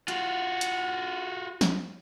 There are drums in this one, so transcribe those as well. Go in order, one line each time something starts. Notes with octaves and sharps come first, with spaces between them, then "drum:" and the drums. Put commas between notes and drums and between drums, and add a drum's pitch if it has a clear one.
F4 F#4, drum: hi-hat
drum: hi-hat
drum: snare